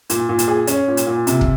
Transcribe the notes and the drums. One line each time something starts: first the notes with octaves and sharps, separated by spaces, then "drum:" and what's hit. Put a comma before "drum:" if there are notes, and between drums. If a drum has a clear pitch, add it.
A#2, drum: hi-hat
A#2
drum: hi-hat
G#4
C#4, drum: hi-hat
A#2
drum: hi-hat
A#2
C3, drum: hi-hat
drum: kick